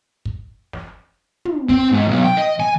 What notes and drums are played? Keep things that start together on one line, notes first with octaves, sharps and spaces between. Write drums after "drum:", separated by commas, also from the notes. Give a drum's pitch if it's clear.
drum: kick
drum: snare
drum: tom
C4, drum: kick
G#2
B1
G5
D#5
G#5